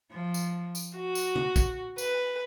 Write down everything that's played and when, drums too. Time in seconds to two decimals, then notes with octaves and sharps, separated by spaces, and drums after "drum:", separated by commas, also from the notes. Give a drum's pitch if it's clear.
0.13 F3
0.34 drum: tambourine
0.75 drum: tambourine
0.95 F#4
1.15 drum: tambourine
1.36 drum: tom C#3
1.56 drum: kick A#1, tambourine
1.98 B4, drum: tambourine